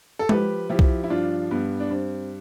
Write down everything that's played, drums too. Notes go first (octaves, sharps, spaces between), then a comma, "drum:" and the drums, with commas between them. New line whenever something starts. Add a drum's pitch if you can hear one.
A4
F3 G4 B4, drum: tom G#3
F3 E4 G4
drum: kick B1
E4
G2 D4 F4
G2 B3
D4
G2 C4